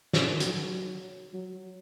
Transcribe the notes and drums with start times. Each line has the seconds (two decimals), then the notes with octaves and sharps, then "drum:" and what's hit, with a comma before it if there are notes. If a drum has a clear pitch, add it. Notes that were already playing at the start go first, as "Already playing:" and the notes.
0.13 C#3, drum: snare
0.27 D#3
0.40 F#3, drum: hi-hat
1.34 F#3